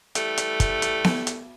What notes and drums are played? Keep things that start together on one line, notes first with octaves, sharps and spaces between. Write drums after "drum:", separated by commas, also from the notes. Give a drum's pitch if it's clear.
E3 G3 A3, drum: hi-hat
drum: hi-hat
drum: kick, hi-hat
drum: hi-hat
drum: snare B3
drum: hi-hat